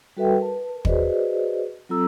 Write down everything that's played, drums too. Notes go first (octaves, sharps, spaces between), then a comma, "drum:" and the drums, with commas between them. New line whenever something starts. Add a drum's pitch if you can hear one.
G3 F#4 A4 B4 E5 G5
A#4 B4 A5
F#4 G#4 B4 C5 D5 D#5, drum: kick
F#3 C4 F4 A4 A#5 E6